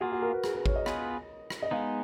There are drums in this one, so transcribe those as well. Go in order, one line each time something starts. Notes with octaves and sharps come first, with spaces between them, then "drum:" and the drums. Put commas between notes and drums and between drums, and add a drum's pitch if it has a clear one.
A#3 F4 F#4 G#4
F#4
A#4
B4
G#4, drum: rim click
B4
C#5, drum: kick G#1
D#5
B3 F4 G#4 B4, drum: rim click
drum: rim click
D#5
G#3 B3 D#4 F5